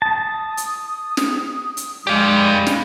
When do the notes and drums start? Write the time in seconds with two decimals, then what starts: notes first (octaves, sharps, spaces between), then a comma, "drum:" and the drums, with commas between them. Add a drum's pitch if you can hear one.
0.02 A5 D#6
0.57 drum: hi-hat
1.17 drum: snare
1.77 drum: hi-hat
2.07 G#3 G4 D5 F5
2.33 B5
2.67 drum: snare